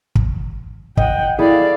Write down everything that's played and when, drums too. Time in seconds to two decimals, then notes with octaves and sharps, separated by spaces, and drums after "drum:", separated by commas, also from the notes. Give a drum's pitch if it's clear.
0.15 drum: kick
0.97 D#5 F#5 G5 D#7, drum: kick
1.39 E4 G#4 A4 D5 F5